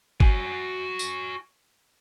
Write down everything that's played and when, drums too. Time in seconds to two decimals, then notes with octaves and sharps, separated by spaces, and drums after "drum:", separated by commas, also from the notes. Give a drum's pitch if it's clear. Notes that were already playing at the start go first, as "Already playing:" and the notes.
0.20 F#4 G#5, drum: kick
0.99 drum: tambourine